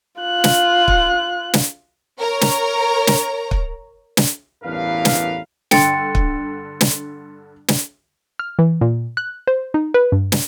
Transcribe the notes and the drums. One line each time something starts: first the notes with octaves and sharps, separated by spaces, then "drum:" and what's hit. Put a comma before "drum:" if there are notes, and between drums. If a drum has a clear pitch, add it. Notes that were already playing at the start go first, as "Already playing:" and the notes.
F4 F#6
drum: snare
drum: kick
drum: snare
A#4 C#5 A#5
drum: snare
drum: snare
drum: kick
drum: snare
A1 E2 G2 A#4 B4 F5
drum: snare
G2 D3 G5 C6 A6 C#7, drum: snare
drum: kick
drum: snare
drum: snare
F6
E3
A#2
F#6
C5
D#4
B4
G2
drum: snare